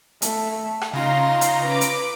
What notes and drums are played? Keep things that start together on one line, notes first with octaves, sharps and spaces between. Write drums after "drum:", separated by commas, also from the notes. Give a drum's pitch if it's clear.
A3, drum: hi-hat
drum: rim click
C#3 D#4 F4 A#5 C6 A#6
drum: hi-hat
B4 D6
drum: hi-hat